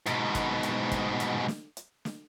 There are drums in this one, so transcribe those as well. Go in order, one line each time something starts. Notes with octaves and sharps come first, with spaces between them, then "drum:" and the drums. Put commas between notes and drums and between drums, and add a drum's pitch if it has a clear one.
G#2 B2, drum: hi-hat
drum: kick, hi-hat
drum: hi-hat
drum: kick, hi-hat
drum: hi-hat
drum: snare
drum: hi-hat
drum: snare